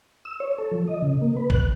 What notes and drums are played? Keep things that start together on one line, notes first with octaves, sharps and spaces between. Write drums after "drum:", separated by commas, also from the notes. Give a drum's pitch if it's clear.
E6
C#5
A4
F3
D#5
C#3
A#3
B4
F#6, drum: kick